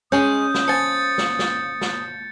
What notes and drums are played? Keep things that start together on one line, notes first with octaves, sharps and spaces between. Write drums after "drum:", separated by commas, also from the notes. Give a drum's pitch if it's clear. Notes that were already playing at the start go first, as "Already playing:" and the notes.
G#3 C#4 G#4 C#5 D#6 G6
drum: snare
F3 G#5 A6 C#7
drum: snare
drum: snare
drum: snare